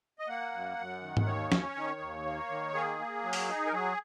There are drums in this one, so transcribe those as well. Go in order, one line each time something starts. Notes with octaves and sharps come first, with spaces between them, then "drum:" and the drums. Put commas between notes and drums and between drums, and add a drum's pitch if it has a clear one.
D#5
A#3 F#5
F#2
F#2
D#3
drum: tom G#2
D#2 C#5
C#4, drum: snare
D#3
D#2
A#3
D#3
A#3 G#4
A#3
F#3
drum: open hi-hat
D#4
A#4
F#3 G#4